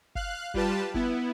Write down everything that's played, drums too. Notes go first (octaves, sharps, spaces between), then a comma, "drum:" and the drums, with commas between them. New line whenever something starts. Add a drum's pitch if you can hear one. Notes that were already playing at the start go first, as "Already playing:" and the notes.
F5 F#6, drum: kick F#1
G3 F4 G4 B4 A5, drum: kick F#1
B3 E4, drum: kick F#1